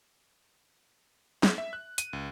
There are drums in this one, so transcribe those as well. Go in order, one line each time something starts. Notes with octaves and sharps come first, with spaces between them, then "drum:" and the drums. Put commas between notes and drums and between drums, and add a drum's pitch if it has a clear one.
drum: snare
E5
F#6
D#7, drum: hi-hat
C#2